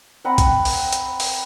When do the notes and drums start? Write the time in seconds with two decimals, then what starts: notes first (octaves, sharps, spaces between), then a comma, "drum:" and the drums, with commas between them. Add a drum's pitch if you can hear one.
0.24 C4 B4 F#5 A#5
0.38 drum: kick, hi-hat
0.65 drum: open hi-hat
0.93 drum: hi-hat
1.20 drum: open hi-hat